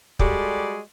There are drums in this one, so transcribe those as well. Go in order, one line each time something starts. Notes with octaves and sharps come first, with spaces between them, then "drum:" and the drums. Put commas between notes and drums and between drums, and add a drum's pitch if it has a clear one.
G3 G#3 F#4 G4 A4 D5, drum: kick